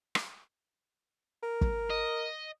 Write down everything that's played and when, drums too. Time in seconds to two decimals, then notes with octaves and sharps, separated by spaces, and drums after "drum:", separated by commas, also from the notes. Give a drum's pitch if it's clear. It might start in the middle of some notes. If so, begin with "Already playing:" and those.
0.15 drum: rim click
1.43 A#4
1.61 drum: kick
1.90 D#5